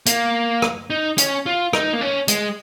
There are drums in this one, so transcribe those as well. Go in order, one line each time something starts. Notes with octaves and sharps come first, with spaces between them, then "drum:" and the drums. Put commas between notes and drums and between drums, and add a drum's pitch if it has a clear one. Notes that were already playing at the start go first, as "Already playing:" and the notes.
A#3, drum: hi-hat
drum: rim click
D#4
C#4, drum: hi-hat
F4
D#4, drum: rim click
A#3
C#4
G#3, drum: hi-hat